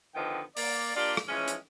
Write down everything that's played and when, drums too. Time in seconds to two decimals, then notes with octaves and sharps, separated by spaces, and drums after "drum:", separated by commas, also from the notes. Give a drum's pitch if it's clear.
0.15 D3 D#3 F3 B3 D#5 G5
0.57 A#3 D5, drum: open hi-hat
0.95 A#3 D4 F4 G4 D5 F5
1.17 drum: rim click
1.28 E3 F3 G#3 C#4
1.48 drum: hi-hat